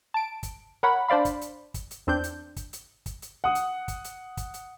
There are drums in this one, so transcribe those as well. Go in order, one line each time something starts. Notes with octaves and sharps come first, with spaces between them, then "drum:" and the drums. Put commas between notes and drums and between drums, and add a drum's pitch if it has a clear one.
A5 D7
drum: kick, hi-hat
A#4 C#5 F#5 B5
D4 C5 D5 F5 B5
drum: kick, hi-hat
drum: hi-hat
drum: kick, hi-hat
drum: hi-hat
E2 C4 D4 G6
drum: hi-hat
drum: kick, hi-hat
drum: hi-hat
drum: kick, hi-hat
drum: hi-hat
F#5 D#6
drum: hi-hat
drum: kick, hi-hat
drum: hi-hat
drum: kick, hi-hat
drum: hi-hat